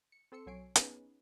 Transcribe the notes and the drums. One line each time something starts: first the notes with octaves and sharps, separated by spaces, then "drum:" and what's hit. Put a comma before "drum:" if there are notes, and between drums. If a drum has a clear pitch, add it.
C#7
C4 A4 C6 E6 C#7
B1 F#3 C#5 G#5 C7 D7
B3 C#4 D#4 G#4 B4, drum: hi-hat